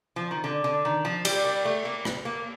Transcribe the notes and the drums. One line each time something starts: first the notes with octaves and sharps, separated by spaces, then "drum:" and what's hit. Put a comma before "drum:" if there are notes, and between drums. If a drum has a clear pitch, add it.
F3
D#3
D3
D3
D#3
F3
G3, drum: cymbal
G3
A3
A#3
drum: rim click
A#3